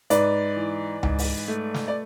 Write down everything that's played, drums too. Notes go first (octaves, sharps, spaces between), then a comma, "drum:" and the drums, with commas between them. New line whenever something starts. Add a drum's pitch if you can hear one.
G#2 B4 D5, drum: hi-hat
E3
G#2, drum: tom C#2
drum: open hi-hat
A3
drum: snare
D5